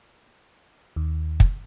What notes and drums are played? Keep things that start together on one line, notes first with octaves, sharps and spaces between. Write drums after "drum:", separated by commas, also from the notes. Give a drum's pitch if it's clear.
D#2
drum: kick